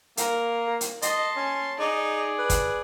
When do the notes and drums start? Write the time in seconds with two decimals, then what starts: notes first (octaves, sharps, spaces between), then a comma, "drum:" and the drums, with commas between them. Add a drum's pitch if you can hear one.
0.17 A#3 A#4, drum: hi-hat
0.81 drum: hi-hat
1.02 D#5 A5 C6, drum: hi-hat
1.36 C#4
1.79 D#4 G#4 D5
2.38 B4
2.50 drum: kick, hi-hat